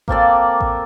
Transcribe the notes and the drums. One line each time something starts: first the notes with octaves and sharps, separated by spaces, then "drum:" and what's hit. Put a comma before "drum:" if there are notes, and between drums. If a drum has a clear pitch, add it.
A#3 C4 A4 D5, drum: kick A1
drum: kick A1